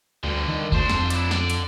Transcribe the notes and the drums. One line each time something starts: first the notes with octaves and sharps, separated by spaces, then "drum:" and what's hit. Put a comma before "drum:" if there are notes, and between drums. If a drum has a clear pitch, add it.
D2 G2 D3
D#3
D2 D4 C5, drum: kick F#1
F2, drum: snare
D4 E4, drum: hi-hat
D3 D5, drum: snare
drum: hi-hat